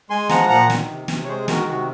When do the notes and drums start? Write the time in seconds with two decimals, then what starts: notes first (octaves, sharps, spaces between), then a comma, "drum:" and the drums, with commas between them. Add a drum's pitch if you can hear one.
0.10 G#3 G#5 C6
0.29 F3 F#5 A#5, drum: snare
0.49 A#2 F#5 A#5
0.70 D#3, drum: snare
0.89 C3
1.08 C3, drum: snare
1.24 C#5
1.28 G#3 G#4 C5
1.48 D#3 F#4 A#4, drum: snare
1.67 C3 F#4